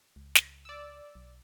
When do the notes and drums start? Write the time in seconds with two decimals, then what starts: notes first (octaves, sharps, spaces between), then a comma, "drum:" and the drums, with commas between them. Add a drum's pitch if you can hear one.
0.16 C#2
0.35 drum: snare
0.65 D5 E6
1.15 B1